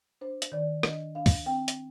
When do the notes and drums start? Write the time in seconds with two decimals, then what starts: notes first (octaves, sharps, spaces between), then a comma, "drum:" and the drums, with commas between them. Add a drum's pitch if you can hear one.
0.21 D4 C5
0.42 drum: hi-hat
0.52 D#3 D5
0.83 D4 D#5, drum: rim click
1.15 D4 F5
1.26 drum: kick, open hi-hat
1.46 C4 G5
1.68 drum: hi-hat